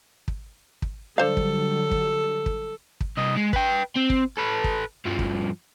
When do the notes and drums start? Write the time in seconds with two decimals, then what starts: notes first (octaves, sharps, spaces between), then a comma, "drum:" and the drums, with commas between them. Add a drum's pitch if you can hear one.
0.28 drum: kick
0.82 drum: kick
1.18 D3 F#3 G3 D4 A4 C5 F5
1.37 drum: kick
1.91 drum: kick
2.46 drum: kick
3.01 drum: kick
3.17 C2 D#5
3.36 G#3
3.53 B4 G5, drum: kick
3.96 C4
4.10 drum: kick
4.37 A4 B4
4.64 drum: kick
5.05 G2 F3
5.19 drum: kick